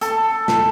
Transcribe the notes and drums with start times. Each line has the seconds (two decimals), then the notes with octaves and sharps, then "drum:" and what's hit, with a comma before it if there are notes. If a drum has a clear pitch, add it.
0.01 A4, drum: hi-hat
0.48 drum: snare